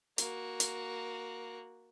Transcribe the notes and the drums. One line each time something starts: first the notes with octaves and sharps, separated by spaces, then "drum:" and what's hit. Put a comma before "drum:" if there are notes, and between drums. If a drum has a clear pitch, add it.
A#3 F#4, drum: hi-hat
drum: hi-hat